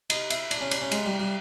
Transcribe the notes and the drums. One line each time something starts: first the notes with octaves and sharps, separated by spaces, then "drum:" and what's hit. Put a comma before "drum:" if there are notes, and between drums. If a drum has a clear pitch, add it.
D#4, drum: cymbal
E4, drum: cymbal
D4, drum: cymbal
C#4
D4, drum: cymbal
C#4
G#3, drum: cymbal
G3
G3